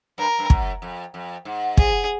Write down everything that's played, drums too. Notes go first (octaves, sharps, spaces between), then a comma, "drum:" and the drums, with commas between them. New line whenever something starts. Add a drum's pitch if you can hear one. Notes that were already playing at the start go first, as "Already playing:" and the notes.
G2 A#4
G2
F#2, drum: kick
F2
F2
G#2
G#4, drum: kick